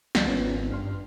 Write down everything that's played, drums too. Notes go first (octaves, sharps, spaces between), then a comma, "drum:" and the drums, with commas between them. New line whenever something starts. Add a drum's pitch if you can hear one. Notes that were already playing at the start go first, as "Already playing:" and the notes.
D2 F3, drum: snare
G#1 B3 C#4 F4
G2 C6 F6